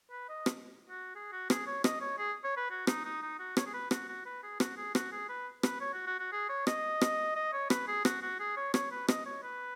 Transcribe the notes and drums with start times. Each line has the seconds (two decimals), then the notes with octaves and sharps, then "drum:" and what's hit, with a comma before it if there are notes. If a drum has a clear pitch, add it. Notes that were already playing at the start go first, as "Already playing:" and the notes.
0.11 B4
0.29 D#5
0.46 drum: rim click
0.89 F#4
1.15 G#4
1.32 F#4
1.50 G#4, drum: rim click
1.67 C#5
1.84 D#5, drum: rim click
2.01 C#5
2.18 G#4
2.44 C#5
2.57 B4
2.71 F#4
2.87 D#4, drum: rim click
3.05 D#4
3.22 D#4
3.39 F#4
3.57 C#5, drum: rim click
3.66 G#4
3.74 B4
3.91 F#4, drum: rim click
4.08 F#4
4.26 B4
4.43 G#4
4.60 F#4, drum: rim click
4.77 G#4
4.95 F#4, drum: rim click
5.12 G#4
5.29 B4
5.63 B4, drum: rim click
5.81 C#5
5.94 F#4
6.07 F#4
6.19 F#4
6.32 G#4
6.49 C#5
6.67 D#5, drum: rim click
7.01 drum: rim click
7.36 D#5
7.53 C#5
7.70 B4, drum: rim click
7.87 G#4
8.05 F#4, drum: rim click
8.22 F#4
8.39 G#4
8.57 C#5
8.74 C#5, drum: rim click
8.91 B4
9.08 D#5, drum: rim click
9.26 C#5
9.43 B4